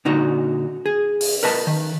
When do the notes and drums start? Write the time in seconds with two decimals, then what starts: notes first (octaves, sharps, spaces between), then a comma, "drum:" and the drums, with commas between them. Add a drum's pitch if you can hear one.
0.05 A#2 D3 D#4 F#4
0.86 G#4
1.21 drum: open hi-hat
1.43 A#4 B4 D#5 A5
1.67 D#3